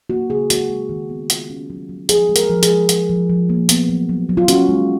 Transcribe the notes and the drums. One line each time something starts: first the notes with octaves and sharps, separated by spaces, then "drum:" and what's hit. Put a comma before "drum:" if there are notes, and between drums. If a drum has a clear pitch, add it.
A#3 F#4
C#3 G#4
G#3 F#4, drum: hi-hat
G#3
D#3
B3
F4, drum: hi-hat
C#4
F#3
F#3
F3 G#4, drum: hi-hat
G#3
A#4, drum: hi-hat
F3
G#4, drum: hi-hat
G#3
F3, drum: hi-hat
F3
F3
A#3
B3, drum: hi-hat
F#3
F#3
F#3
F4
C#4 F#4, drum: hi-hat
G#3